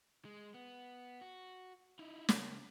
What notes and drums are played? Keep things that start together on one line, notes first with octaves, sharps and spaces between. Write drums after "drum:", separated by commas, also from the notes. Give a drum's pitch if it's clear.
G#3
B3
F#4
D#4 E4
C#2 A#3, drum: snare